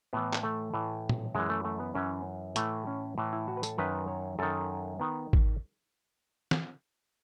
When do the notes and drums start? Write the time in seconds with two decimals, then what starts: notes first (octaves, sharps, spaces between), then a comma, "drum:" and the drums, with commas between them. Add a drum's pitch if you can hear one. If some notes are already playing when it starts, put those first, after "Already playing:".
0.13 A2 E3 B3
0.33 drum: clap
0.43 A3
0.74 A2 E3
1.09 drum: tom A#2
1.35 F#2 E3 G#3
1.50 A3
1.65 A3
1.80 B3
1.95 F#2 E3 C#4
2.56 A2 E3 A3, drum: hi-hat
2.87 C#4
3.18 A2 E3
3.33 E4
3.48 F#4
3.57 B4
3.63 A4, drum: tambourine
3.78 F#2 D#3 B4
4.08 C#5
4.39 F#2 D#3 A4
5.00 D#3 B3
5.33 drum: kick
6.51 drum: snare